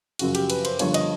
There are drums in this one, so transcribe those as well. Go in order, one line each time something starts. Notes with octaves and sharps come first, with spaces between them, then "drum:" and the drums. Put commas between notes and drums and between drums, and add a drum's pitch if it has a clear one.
F#2 C#3 F3 F#4, drum: cymbal
G4, drum: cymbal
B4, drum: cymbal
C5, drum: cymbal
G1 G2 D3 F3 C#5, drum: cymbal
D#5, drum: cymbal